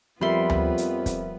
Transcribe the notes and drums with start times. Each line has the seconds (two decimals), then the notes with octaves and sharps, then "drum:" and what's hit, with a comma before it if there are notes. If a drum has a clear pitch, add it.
0.21 F2 F3 G3 B3 A#4 E5 B5 C6
0.50 drum: tom D2
0.78 drum: hi-hat
1.06 drum: kick, hi-hat